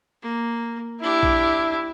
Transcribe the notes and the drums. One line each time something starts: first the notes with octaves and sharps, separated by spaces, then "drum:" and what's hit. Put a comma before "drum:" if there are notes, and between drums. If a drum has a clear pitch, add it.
A#3
D4 E4 G4
drum: kick A#1